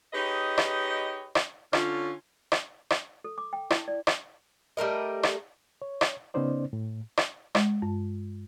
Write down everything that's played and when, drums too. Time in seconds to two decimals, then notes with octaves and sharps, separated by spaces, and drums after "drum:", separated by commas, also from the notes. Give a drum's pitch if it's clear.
0.13 D#4 G4 G#4 B4 C#5 D#5
0.58 drum: rim click
1.35 drum: rim click
1.73 D3 C#4 F4, drum: rim click
2.52 drum: rim click
2.90 drum: rim click
3.24 A4
3.38 D6
3.53 G5
3.70 E4, drum: rim click
3.88 D5
4.07 drum: rim click
4.77 G3 A3 A#4 D#5
5.23 drum: rim click
5.82 C#5
6.01 drum: rim click
6.34 C#3 B3 C#4 D#4 C5 D5
6.73 A2
7.17 drum: rim click
7.55 G#3, drum: rim click
7.82 G2